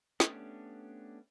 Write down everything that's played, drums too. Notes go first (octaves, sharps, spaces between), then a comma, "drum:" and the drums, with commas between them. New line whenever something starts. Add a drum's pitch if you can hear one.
A3 B3 C#4 D4 G4, drum: snare